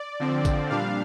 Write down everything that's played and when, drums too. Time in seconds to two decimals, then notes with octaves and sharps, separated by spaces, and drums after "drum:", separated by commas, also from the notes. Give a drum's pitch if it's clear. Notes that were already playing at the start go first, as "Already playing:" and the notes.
Already playing: D5
0.20 D3 F3 C4
0.45 drum: kick, tambourine
0.70 A#2 G3 D4 F5